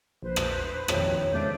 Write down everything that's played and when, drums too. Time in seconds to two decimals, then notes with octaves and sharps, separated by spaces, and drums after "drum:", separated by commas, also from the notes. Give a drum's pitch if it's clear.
0.23 A#1 B4 C5
0.36 drum: rim click
0.88 A#1 F2 D#3 G3 C#5, drum: rim click
1.32 E2 G#2 C#3 A3 D4 E5 G6